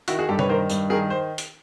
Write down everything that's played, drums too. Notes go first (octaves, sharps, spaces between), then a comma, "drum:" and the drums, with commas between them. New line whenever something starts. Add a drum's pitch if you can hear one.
D#3 E4 F#4, drum: hi-hat
F#4 G#4
G2 G4 A4
B4 C#5, drum: tom C#3
D#3 A#4 C5
G2, drum: tambourine
D#3 G#4 A#4
C5
drum: hi-hat